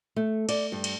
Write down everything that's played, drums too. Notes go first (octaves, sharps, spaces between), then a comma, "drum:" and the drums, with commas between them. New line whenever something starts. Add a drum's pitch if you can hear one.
A3
D5, drum: cymbal
G2
drum: cymbal